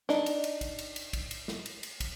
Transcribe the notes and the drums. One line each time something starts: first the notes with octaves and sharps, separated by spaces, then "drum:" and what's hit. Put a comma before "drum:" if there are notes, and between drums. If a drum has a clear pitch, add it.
D4 D#4, drum: snare
drum: cymbal
drum: cymbal
drum: kick, cymbal
drum: cymbal
drum: cymbal
drum: kick, cymbal
drum: cymbal
drum: snare
drum: cymbal
drum: cymbal
drum: kick, cymbal